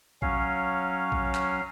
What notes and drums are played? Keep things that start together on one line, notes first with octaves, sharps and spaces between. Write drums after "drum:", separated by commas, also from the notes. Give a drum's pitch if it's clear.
F#3 C#4 F5, drum: kick A1
drum: kick A1
drum: clap